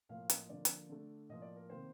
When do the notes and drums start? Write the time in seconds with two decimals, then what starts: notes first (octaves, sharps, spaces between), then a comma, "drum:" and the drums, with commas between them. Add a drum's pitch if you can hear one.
0.09 A2 F3 A#3 F5
0.30 D#5, drum: hi-hat
0.49 D3 F3 A#3 D5
0.65 drum: hi-hat
0.89 D3 A3
1.29 A2 F3 A#3 D#5
1.42 D5
1.56 A#4
1.69 C3 D#3 A#3 C5